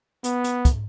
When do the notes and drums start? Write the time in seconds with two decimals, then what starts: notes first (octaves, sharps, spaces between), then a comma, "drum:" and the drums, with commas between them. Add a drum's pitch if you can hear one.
0.24 B3, drum: hi-hat
0.44 drum: hi-hat
0.65 drum: kick, hi-hat